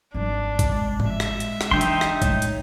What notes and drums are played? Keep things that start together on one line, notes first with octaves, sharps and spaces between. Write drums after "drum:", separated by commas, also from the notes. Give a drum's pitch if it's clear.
G#1 G3 D4
drum: kick B1, hi-hat
G#3
drum: tom A2
E5
drum: rim click
drum: hi-hat
drum: rim click
E3 D4 D#4 G5 C6
drum: hi-hat
drum: rim click
A1 G#3 C#5, drum: kick B1, hi-hat
drum: hi-hat